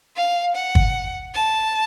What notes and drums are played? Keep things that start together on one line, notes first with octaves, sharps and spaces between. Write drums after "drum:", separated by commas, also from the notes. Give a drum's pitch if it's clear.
F5
F#5
drum: kick G1
A5